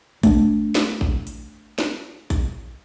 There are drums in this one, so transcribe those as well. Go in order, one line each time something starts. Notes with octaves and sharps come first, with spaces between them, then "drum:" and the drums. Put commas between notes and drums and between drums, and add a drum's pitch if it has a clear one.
A3 D4, drum: kick A1, hi-hat
drum: snare
drum: kick A1
drum: hi-hat
drum: snare
drum: kick A1, hi-hat